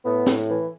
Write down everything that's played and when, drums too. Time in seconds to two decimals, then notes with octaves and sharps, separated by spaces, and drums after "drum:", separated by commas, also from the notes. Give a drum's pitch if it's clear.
0.04 A2 B3
0.26 A2, drum: snare
0.48 E3